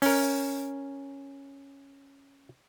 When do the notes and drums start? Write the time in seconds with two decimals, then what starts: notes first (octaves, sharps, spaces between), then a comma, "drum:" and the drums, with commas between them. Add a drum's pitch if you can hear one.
0.02 C#4 A#4, drum: open hi-hat